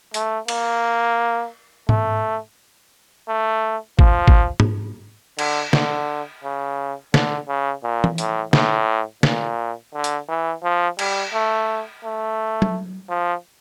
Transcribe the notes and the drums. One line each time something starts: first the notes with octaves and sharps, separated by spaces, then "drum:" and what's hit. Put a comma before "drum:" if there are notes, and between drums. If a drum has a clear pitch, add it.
A3, drum: hi-hat
A#3, drum: cymbal
A3, drum: tom
A3
F3, drum: kick G#1
drum: kick G#1
drum: tom G#2
D3, drum: cymbal
D3, drum: snare
C#3
D3, drum: snare
C#3
A#2
drum: tom E3
A2, drum: hi-hat
A2, drum: snare
A#2, drum: snare
D3
drum: hi-hat
E3
F3
G3, drum: cymbal
A3
A3
drum: tom F#3
F3